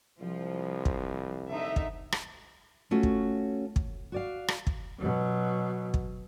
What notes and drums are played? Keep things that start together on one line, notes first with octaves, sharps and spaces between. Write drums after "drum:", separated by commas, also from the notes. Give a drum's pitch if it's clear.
C2 F3
drum: kick
D3 D#4 E5
drum: kick
drum: rim click
A3 C#4 F4 F#4
drum: kick
drum: kick
F#4 D5 F5
drum: rim click
drum: kick
B2 F#3
drum: kick